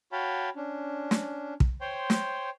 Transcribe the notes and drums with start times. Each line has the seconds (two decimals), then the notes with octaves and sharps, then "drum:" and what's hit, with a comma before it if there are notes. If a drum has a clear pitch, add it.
0.12 F#4 C#5 F5 G5 A5 B5
0.56 C#4 D4
1.11 drum: snare
1.60 drum: kick
1.81 C5 C#5 G5 C6
2.10 drum: snare